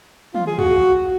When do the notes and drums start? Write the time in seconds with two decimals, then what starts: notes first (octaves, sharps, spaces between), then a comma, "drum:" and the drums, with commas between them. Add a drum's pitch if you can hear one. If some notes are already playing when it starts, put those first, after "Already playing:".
0.35 F4, drum: tom
0.47 G#4
0.59 F#4, drum: tom